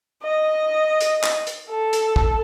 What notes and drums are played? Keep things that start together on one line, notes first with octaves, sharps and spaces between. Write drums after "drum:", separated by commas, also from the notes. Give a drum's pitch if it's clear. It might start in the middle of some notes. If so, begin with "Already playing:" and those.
D#5
drum: hi-hat
drum: clap
drum: hi-hat
A4
drum: hi-hat
drum: kick